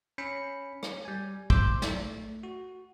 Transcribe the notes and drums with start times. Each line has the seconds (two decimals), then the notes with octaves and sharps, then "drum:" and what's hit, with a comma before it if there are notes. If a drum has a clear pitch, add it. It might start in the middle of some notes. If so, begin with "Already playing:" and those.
0.18 C#4 B5 C#7
0.83 drum: rim click
1.05 G3 G#5
1.50 C5 C6 D6 E6 G6, drum: kick
1.82 A3, drum: snare
2.43 F#4